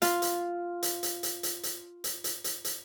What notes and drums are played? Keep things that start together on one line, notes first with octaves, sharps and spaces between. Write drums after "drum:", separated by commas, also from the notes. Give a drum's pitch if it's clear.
F4 F5, drum: hi-hat
drum: hi-hat
drum: hi-hat
drum: hi-hat
drum: hi-hat
drum: hi-hat
drum: hi-hat
drum: hi-hat
drum: hi-hat
drum: hi-hat
drum: hi-hat